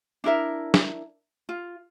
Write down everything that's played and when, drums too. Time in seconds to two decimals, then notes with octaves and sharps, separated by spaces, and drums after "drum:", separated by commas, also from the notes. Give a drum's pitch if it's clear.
0.24 D4 E4 A#4 E5
0.74 drum: snare
1.49 F4